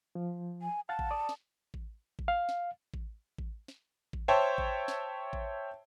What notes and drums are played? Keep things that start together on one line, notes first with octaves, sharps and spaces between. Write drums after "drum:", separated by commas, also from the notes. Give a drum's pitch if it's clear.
F3
G#5
F5 F#5 A5 A6
drum: kick A1
D5 D#6
drum: snare
drum: kick A1
drum: kick A1
F5
drum: snare
drum: kick A1
drum: kick A1
drum: snare
drum: kick A1
C5 C#5 E5 G5 A5
drum: kick A1
drum: snare
drum: kick A1